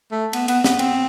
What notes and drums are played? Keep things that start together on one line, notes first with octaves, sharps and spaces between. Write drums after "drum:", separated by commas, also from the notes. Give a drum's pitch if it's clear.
A3
B3, drum: cymbal
B3, drum: cymbal
B3, drum: snare
C4, drum: cymbal